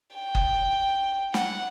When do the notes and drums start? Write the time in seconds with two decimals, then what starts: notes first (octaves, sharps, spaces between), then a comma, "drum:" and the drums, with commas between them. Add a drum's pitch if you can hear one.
0.15 G5
0.35 drum: kick F#1
1.34 F#5, drum: snare